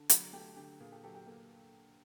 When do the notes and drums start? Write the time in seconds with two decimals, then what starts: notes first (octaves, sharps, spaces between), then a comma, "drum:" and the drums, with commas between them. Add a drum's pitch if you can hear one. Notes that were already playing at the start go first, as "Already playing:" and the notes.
Already playing: D3
0.09 F#3, drum: hi-hat
0.33 A3 G4
0.56 D3 G4
0.80 A#2 G#4
0.92 G4 A4
1.03 F#3 G4 A4
1.14 G4 A4
1.26 A#3 G4 A4